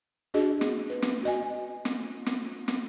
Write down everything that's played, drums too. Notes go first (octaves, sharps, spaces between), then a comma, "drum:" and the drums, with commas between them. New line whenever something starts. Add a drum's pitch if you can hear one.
D4 F#4 G#4 D#5
drum: snare
B4
drum: snare
F#4 D#5 G#5
drum: snare
drum: snare
drum: snare